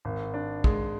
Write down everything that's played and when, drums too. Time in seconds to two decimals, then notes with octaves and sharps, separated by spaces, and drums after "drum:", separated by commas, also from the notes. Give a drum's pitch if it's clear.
0.05 G#1
0.34 D4
0.64 G#3, drum: kick